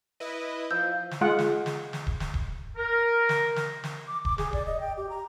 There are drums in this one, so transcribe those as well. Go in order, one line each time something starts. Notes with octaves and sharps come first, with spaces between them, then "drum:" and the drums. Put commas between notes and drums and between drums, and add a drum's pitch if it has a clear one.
E4 B4 D#5
F3 E6 G6
drum: snare
G#3 F4 F#5
drum: snare
drum: snare
drum: snare
drum: kick D#1
drum: snare
drum: kick D#1
A#4
drum: snare
drum: snare
drum: snare
D6
D6, drum: kick D#1
G#4, drum: snare
D5, drum: kick D#1
D#5
G5
G4
A#5